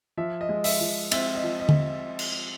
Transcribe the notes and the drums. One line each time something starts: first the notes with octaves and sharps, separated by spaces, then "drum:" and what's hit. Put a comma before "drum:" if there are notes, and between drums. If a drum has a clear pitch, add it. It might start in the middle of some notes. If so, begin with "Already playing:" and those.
F3 E5
D#5
G#3
E5, drum: open hi-hat
F3
C4 E5, drum: cymbal
D#5
F3
D#5
drum: tom D3
drum: cymbal